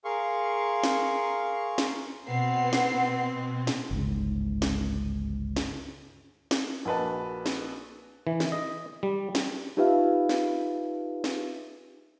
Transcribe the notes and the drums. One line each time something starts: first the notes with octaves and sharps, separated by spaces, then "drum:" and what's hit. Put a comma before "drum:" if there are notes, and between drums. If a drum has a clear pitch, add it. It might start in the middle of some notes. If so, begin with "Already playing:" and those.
G#4 A#4 F5 C6 C#6
drum: snare
drum: snare
B2 B3 C4 F#5 C7
drum: snare
drum: snare
G1 C#2 G#2
drum: snare
drum: snare
drum: snare
A#1 A#3 F#4 B4 D#5 A5
drum: snare
E3
drum: snare
D#5
G3
drum: snare
D#4 F4 G4 B4 E5 F5
drum: snare
drum: snare